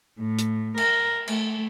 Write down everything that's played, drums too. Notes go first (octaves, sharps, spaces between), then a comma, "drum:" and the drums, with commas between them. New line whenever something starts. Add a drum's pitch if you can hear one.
A2
drum: hi-hat
A#4, drum: cymbal
A3, drum: cymbal